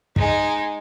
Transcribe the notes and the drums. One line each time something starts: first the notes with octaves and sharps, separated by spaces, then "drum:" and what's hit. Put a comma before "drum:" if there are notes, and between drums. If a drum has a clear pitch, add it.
G#3 D#4, drum: kick